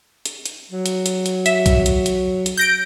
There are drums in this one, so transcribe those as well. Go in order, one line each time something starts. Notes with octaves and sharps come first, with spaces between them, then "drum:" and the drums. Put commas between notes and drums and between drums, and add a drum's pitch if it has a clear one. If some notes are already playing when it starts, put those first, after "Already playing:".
drum: hi-hat
drum: hi-hat
F#3
drum: hi-hat
drum: hi-hat
drum: hi-hat
E5, drum: hi-hat
drum: kick, hi-hat
drum: hi-hat
drum: hi-hat
drum: hi-hat
G6 A#6 D7